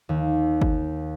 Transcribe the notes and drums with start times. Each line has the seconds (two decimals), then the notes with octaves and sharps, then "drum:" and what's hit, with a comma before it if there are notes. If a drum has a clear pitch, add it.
0.09 D#2
0.61 drum: kick G1